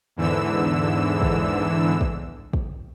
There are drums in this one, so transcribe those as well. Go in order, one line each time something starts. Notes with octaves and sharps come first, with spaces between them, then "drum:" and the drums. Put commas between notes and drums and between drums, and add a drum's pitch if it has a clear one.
E2 G#2 D3 E3 E6
drum: kick
drum: kick
drum: kick